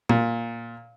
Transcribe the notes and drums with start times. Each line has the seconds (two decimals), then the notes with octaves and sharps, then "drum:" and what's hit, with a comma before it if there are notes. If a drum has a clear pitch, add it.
0.09 A#2, drum: tom A#2